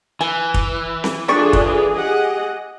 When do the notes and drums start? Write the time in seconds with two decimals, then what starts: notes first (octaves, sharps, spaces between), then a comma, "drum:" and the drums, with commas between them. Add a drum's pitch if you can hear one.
0.21 E3 G#5
0.54 drum: kick
1.04 drum: snare C4
1.28 G3 D4 F4 G#4 A4 D5 C#6
1.53 drum: kick
1.93 G4 D#5 F#5